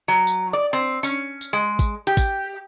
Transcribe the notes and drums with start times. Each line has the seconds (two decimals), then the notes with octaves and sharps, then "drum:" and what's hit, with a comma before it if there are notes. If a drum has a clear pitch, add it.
0.08 F#3
0.27 drum: tambourine
0.53 D5
0.73 C4
1.03 C#4, drum: tambourine
1.41 drum: tambourine
1.53 G#3
1.79 drum: kick, tambourine
2.07 G4
2.17 drum: kick, tambourine